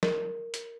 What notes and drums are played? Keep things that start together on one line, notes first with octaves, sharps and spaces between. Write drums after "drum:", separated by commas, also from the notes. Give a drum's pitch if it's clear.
A#4, drum: snare
drum: hi-hat